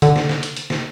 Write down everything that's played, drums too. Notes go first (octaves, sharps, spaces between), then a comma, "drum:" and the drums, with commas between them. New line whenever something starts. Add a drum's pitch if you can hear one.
D3, drum: hi-hat
drum: snare
drum: snare
drum: hi-hat
drum: hi-hat
drum: snare